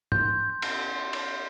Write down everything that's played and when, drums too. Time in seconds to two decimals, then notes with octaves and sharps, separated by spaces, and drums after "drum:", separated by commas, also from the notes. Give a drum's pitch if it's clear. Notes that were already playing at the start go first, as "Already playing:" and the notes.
0.12 C6 G6, drum: tom G#2
0.50 G6
0.62 drum: cymbal
0.88 C6
1.13 drum: cymbal
1.26 G6